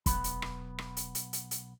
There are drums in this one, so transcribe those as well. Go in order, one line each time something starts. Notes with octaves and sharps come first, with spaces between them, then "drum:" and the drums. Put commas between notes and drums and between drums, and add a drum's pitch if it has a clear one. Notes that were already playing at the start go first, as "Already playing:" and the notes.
D#1 B1 B3 B5, drum: kick G1, hi-hat
drum: hi-hat
drum: rim click
drum: rim click
drum: hi-hat
drum: hi-hat
drum: hi-hat
drum: hi-hat